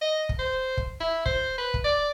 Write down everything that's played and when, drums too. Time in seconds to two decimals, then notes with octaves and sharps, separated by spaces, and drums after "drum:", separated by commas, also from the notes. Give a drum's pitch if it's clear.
0.01 D#5
0.29 drum: kick
0.39 C5
0.77 drum: kick
1.00 E4
1.26 C5, drum: kick
1.58 B4
1.74 drum: kick
1.84 D5